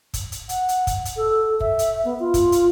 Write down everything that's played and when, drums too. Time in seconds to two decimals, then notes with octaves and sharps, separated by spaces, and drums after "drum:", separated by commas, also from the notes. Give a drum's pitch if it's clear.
0.14 drum: kick, hi-hat
0.32 drum: hi-hat
0.49 F#5, drum: hi-hat
0.69 drum: hi-hat
0.87 drum: kick, hi-hat
1.05 drum: hi-hat
1.17 A4
1.60 E5, drum: kick
1.79 drum: hi-hat
2.05 B3
2.20 F4
2.34 drum: kick, hi-hat
2.52 drum: hi-hat